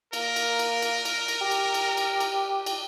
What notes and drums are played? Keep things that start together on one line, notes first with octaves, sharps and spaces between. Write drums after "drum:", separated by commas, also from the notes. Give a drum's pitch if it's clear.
A#3 A#4, drum: cymbal
drum: cymbal
drum: cymbal
drum: cymbal
drum: cymbal
drum: cymbal
G4
drum: cymbal
drum: cymbal
drum: cymbal
drum: cymbal
drum: cymbal